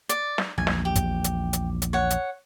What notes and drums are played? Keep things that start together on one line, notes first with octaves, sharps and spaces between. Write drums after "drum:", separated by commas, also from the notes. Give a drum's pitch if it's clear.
D5, drum: hi-hat
drum: snare
A#1 E2 G#5
drum: snare
G4
drum: kick, hi-hat
drum: hi-hat
drum: hi-hat
drum: hi-hat
C#5 F#5
drum: hi-hat